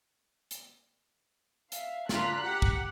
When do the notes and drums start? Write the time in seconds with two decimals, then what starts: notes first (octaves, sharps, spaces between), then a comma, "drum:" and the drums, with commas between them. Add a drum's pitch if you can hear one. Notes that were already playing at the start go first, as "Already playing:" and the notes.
0.51 drum: hi-hat
1.72 E5 F5, drum: hi-hat
2.09 A3 D4 F4 A#5 F#6 B6, drum: snare
2.41 G4 F#5
2.62 drum: kick